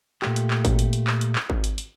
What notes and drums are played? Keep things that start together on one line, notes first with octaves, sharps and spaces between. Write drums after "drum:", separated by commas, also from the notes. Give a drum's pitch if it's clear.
A#2 A3 G4, drum: clap
drum: hi-hat
drum: clap
drum: kick G#1, hi-hat
drum: hi-hat
drum: hi-hat
drum: clap
drum: hi-hat
drum: clap
drum: kick G#1
drum: hi-hat
drum: hi-hat